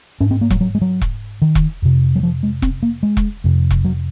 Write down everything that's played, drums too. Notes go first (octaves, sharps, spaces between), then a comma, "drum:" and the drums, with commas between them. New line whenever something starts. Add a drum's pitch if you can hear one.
G#2 C#4
C4
A#3
F#3, drum: kick E1
F#3
G#3
F#3
drum: kick E1
D#3
drum: kick E1
F2 C3
F#3
F3
G#3
C4, drum: kick E1
A#3
G#3
drum: kick E1
F2 C3
drum: kick E1
F#3